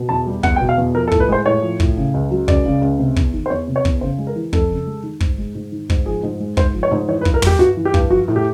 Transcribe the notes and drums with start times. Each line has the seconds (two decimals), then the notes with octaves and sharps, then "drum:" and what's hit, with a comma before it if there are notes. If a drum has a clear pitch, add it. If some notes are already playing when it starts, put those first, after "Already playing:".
Already playing: B2
0.09 E2 A5
0.26 G3
0.43 E2 F#5, drum: kick
0.56 G5
0.61 B2
0.69 F5
0.78 E2
0.95 F3 A#4
1.08 A4
1.11 A2, drum: kick
1.20 B4
1.28 G#3 C5
1.46 A2 C#5
1.62 F3
1.80 A2, drum: kick
1.97 C#3
2.14 C#2
2.31 F#3
2.48 C#2 D5, drum: kick
2.66 C#3
2.81 C#2
2.99 C3
3.16 E2, drum: kick
3.34 D#3
3.46 C5
3.50 E2 C#5
3.67 C3
3.76 C#5
3.85 E2, drum: kick
4.01 C#3 C5
4.18 G#3
4.27 A#4
4.36 E3
4.53 F2 A4, drum: kick
4.70 C#3
4.86 G#3
5.03 D#3
5.20 G#2, drum: kick
5.38 G#3
5.55 G#2
5.72 D#3
5.90 G#2, drum: kick
6.06 F3 G#4
6.23 G#2
6.40 G#3
6.57 G#2 C5, drum: kick
6.74 F3
6.83 C#5
6.91 G#2
7.08 E3 C#5
7.21 B4
7.25 G2, drum: kick
7.34 A#4
7.42 G3 G4, drum: tom
7.59 G2 F#4
7.77 E3
7.85 G4
7.94 G2, drum: kick
8.10 F3 F#4
8.28 A2
8.36 G4